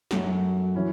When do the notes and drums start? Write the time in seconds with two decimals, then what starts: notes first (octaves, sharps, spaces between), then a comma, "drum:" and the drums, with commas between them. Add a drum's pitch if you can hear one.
0.11 F#2 F#3 A3 F#4, drum: snare
0.75 E3 C#4 E4